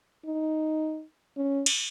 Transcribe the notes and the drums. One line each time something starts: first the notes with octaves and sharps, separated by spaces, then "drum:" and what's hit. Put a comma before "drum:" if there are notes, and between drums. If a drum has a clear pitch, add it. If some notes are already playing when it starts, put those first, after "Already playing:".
D#4
C#4
drum: cymbal